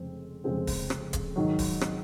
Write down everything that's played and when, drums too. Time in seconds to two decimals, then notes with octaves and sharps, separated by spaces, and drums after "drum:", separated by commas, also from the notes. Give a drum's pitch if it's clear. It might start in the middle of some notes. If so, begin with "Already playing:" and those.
Already playing: F1 F2 C#3 G#3 C4
0.44 F1 F2 C#3 G#3 C4
0.67 drum: kick D1, open hi-hat
0.90 drum: rim click
1.13 drum: kick D1, hi-hat
1.36 G#2 D#3 F#3
1.59 drum: kick D1, open hi-hat
1.81 drum: rim click